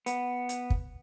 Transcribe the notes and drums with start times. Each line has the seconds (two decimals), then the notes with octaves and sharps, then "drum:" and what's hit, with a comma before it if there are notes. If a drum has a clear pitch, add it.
0.06 B3, drum: hi-hat
0.49 drum: hi-hat
0.70 drum: kick